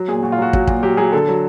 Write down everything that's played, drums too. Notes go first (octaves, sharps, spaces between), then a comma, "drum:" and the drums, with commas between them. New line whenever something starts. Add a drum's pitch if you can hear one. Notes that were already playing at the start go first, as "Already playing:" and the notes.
Already playing: F#3
A#2 G#4
A#2 F#4
F4
F#3 F#4
F#3, drum: kick
A#2, drum: kick
F#3 G4
F#3 G#4
D3 A4
F#3